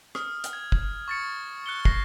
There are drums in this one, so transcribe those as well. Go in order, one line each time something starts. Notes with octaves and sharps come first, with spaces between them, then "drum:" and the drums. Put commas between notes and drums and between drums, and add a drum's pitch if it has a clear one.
D#6 F6, drum: rim click
drum: hi-hat
G#6
drum: kick
C#6 A6 C#7
F#6 C#7 G7
A#6 C7, drum: kick